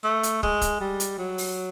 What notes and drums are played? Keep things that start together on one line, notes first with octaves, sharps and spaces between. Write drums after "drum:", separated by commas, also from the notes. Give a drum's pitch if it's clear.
A3
drum: hi-hat
G#3, drum: kick
drum: kick, hi-hat
G3
drum: hi-hat
F#3
drum: open hi-hat